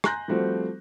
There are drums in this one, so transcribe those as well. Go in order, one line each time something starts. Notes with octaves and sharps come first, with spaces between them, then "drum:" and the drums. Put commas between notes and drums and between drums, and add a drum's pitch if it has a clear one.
G#5 A#5 C6 F#6 G6 A#6, drum: rim click
F3 G3 A3 C4 F#4